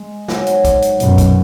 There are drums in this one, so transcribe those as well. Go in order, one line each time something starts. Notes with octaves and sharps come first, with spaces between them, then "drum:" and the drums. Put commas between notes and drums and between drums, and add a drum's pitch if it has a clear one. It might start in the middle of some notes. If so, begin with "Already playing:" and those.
Already playing: G#3
G#2 F#3 B3, drum: snare
drum: hi-hat
drum: kick, hi-hat
drum: hi-hat
F#2 B2, drum: hi-hat
drum: kick, hi-hat